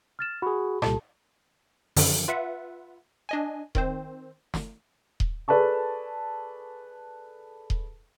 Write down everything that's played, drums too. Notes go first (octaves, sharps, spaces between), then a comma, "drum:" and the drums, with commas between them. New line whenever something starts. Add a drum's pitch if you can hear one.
F6 A6 E7
F#4 G#4 B5
C2 A#2 G4 A4 A5, drum: rim click
F#2 D3 D#3 F3, drum: open hi-hat
F4 B4 E5 F#5
D4 D#5 G#5
D#3 C4 C5, drum: kick D#1
drum: snare
drum: kick D#1
G#4 A4 B4 D5 A5 C#6
drum: kick D#1